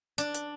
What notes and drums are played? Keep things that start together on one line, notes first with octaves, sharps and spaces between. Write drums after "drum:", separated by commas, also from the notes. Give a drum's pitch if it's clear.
D4, drum: hi-hat
drum: hi-hat